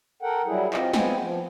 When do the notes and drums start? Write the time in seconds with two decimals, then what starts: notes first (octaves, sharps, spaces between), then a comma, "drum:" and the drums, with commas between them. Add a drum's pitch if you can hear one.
0.22 A4 A#4 F#5 G5
0.46 F#3 G3 E4 G#4
0.73 C4 F4 D#5, drum: clap
0.94 G#3 B3 C4 F4 G5 G#5, drum: snare
1.20 F3